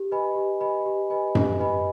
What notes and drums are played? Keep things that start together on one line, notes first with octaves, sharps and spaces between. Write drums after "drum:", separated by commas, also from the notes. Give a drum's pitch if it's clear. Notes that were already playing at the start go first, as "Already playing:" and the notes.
Already playing: G4
B4 D#5 G#5 B5
G4
B4 D#5 G#5 B5
G4
B4 D#5 G#5 B5
G4, drum: tom F#2
B4 D#5 G#5 B5